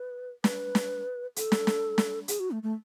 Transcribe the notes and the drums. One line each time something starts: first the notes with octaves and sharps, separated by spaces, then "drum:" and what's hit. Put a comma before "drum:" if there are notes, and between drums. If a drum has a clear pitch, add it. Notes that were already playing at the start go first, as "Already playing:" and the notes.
Already playing: B4
B4, drum: snare
drum: snare
A4, drum: hi-hat
drum: snare
drum: snare
drum: snare
G#4, drum: hi-hat
F#4
A3
A3